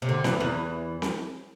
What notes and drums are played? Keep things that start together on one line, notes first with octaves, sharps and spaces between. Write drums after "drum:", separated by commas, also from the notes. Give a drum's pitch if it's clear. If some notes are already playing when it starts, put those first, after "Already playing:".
C3
D3
E2 E3, drum: snare C4
E2 E3
drum: snare C4